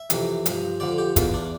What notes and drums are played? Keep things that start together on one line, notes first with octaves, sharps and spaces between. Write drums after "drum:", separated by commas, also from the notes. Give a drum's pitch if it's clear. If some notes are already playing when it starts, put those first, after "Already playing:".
Already playing: E5
F2 C3 E3, drum: hi-hat
G2 F3, drum: hi-hat
F2 D3 F3 D5
G4
E2 E3 F4, drum: kick, hi-hat
D4